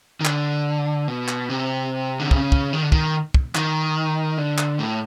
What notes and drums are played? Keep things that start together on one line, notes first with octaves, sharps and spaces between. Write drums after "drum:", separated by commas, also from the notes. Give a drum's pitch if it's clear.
D#3
D3, drum: clap
B2
drum: clap
C3
D3
C#3, drum: kick
drum: kick
D#3
D3
D#3, drum: kick
drum: kick
D#3, drum: clap
D3
drum: clap
A2